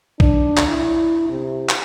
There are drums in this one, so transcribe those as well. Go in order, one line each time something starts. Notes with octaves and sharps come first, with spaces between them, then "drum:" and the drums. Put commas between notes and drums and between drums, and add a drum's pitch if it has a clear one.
D4, drum: kick A#1
drum: clap
E4
C3
drum: clap